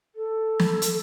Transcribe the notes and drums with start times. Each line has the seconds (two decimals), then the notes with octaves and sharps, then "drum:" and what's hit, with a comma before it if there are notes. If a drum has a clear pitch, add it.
0.15 A4
0.60 drum: snare
0.82 drum: hi-hat